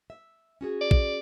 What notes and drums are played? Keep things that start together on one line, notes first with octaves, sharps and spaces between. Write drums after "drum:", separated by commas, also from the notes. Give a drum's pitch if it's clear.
E5
C#4 F#4 G#4
D5
drum: kick